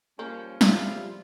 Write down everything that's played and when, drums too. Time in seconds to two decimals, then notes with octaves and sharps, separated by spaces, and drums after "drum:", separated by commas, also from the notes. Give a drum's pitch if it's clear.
0.19 F3 G3 A#3 C#4 G6
0.61 A2 C3 F3 G3 G#3 F4, drum: snare